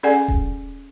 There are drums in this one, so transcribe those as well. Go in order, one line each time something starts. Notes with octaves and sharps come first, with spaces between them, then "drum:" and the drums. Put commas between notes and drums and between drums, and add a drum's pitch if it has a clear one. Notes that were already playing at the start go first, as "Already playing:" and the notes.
C#4 G#4 A4 D5 F#5 G#5
drum: kick D#1